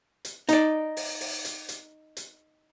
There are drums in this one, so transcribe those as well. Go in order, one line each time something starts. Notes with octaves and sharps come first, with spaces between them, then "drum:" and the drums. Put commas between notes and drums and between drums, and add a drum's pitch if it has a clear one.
drum: hi-hat
D#4 D5, drum: hi-hat
drum: open hi-hat
drum: open hi-hat
drum: hi-hat
drum: hi-hat
drum: hi-hat